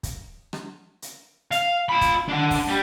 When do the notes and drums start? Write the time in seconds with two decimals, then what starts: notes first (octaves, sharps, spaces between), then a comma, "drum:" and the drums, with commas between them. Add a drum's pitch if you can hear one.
0.03 drum: kick, hi-hat
0.53 drum: rim click
1.02 drum: hi-hat
1.52 F5, drum: hi-hat
1.89 F4 B5
2.01 drum: kick, hi-hat
2.29 D4 F#5
2.51 drum: kick, open hi-hat
2.68 G3